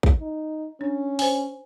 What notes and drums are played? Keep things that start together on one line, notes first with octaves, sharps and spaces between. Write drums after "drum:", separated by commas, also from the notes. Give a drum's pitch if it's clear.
drum: kick A#1
D#4
C#4 D4
C5 G#5, drum: open hi-hat